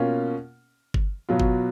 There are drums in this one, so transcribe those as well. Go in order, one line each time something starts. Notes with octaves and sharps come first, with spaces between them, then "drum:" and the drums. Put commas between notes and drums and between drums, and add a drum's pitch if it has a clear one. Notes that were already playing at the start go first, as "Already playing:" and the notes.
Already playing: B2 A#3 C#4 F4
drum: kick G1
B2 F#3 B3 F4
drum: kick G1